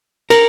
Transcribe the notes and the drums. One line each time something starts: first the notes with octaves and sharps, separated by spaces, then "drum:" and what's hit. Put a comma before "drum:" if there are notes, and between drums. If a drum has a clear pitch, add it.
A#4, drum: cymbal